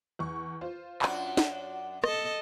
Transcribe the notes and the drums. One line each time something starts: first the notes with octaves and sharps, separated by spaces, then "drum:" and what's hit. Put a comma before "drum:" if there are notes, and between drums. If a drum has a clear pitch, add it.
E2 C#6
F4 C5
F#2 D4 F#4, drum: clap
drum: snare
A4 D#5, drum: rim click